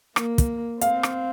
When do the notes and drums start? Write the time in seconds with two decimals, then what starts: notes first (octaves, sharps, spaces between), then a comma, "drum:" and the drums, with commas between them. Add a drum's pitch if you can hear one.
0.16 A#3, drum: rim click
0.38 drum: kick, hi-hat
0.81 C4 F5, drum: hi-hat
1.03 drum: rim click